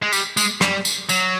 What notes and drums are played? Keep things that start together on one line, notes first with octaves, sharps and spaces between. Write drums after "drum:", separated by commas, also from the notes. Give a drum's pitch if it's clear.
G#3
G3, drum: tambourine
G#3, drum: tambourine
G3, drum: rim click
drum: tambourine
F#3, drum: tambourine